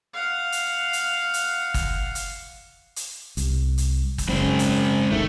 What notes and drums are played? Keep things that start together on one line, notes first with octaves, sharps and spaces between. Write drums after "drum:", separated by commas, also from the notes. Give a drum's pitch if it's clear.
F5 F#5
drum: hi-hat
drum: hi-hat
drum: hi-hat
drum: kick, hi-hat
drum: hi-hat
drum: hi-hat
C2, drum: hi-hat
drum: hi-hat
drum: kick, hi-hat
F#2 C#3 G#3 C4 C5
drum: hi-hat
F1 C2 D#3 A3